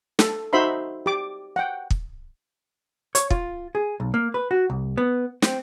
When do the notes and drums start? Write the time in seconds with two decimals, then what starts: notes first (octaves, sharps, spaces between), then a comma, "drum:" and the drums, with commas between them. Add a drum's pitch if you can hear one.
0.19 A4, drum: snare
0.53 D#4 F#4 C5 E5 B5 C6
1.06 G4 D6
1.56 F#5 G5
1.90 drum: kick
3.15 C#5, drum: hi-hat
3.30 F4, drum: kick
3.75 G#4
4.00 B1
4.14 A#3
4.34 B4
4.51 F#4
4.70 C2
4.97 B3
5.42 C4, drum: snare